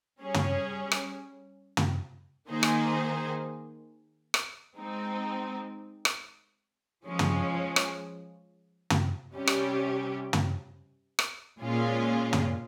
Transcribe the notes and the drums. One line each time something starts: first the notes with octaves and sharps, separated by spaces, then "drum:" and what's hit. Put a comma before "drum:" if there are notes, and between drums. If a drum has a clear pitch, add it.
G3 C#4 G#4 C#5
drum: tom
drum: rim click
drum: tom
D#3 A#3 D#4 G#4 C5
drum: rim click
drum: rim click
G#3 C4 D#4
drum: rim click
F3 G#3 C#4
drum: tom
drum: rim click
drum: tom
C3 G3 C#4 G4
drum: rim click
drum: tom
drum: rim click
A#2 G#3 C#4 F4 G#4
drum: tom